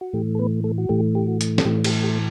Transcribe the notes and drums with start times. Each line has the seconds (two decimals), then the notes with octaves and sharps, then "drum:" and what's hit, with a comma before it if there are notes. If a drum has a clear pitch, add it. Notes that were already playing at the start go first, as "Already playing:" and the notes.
0.01 F#4
0.13 A2 E3 A3 G4
0.35 A4
0.39 B3 B4
0.64 A3 A4
0.78 F#4
0.89 A2 E3 A3 G4
1.15 G4
1.27 F#4
1.41 drum: hi-hat
1.58 A4, drum: snare
1.65 A2 E3 A3 G4
1.84 G4, drum: cymbal
2.03 G4